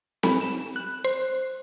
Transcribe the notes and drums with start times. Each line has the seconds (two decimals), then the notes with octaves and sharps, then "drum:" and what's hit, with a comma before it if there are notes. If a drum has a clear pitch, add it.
0.23 B5, drum: snare
0.41 E7
0.76 F#6
1.04 C5